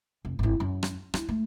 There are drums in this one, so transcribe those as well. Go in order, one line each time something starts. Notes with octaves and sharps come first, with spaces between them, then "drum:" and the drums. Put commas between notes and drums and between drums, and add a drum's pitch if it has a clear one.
F1
G#1 E4
F#2
drum: rim click
E4, drum: rim click
A3